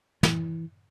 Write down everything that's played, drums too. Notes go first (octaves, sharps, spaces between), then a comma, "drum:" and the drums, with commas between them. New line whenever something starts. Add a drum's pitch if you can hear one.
E3, drum: snare